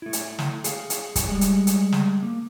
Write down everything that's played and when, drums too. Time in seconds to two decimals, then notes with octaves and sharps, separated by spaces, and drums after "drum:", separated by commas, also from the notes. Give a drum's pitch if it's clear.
0.02 A3 E4
0.13 drum: hi-hat
0.39 drum: snare
0.64 G#4 F5, drum: hi-hat
0.90 drum: hi-hat
1.16 drum: kick, hi-hat
1.29 G3 G#3
1.41 drum: hi-hat
1.67 drum: hi-hat
1.92 drum: snare
2.22 A#3